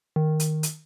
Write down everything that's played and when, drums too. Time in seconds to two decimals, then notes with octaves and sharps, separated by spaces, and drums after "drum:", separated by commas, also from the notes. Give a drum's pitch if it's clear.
0.16 D#3
0.40 drum: hi-hat
0.63 drum: hi-hat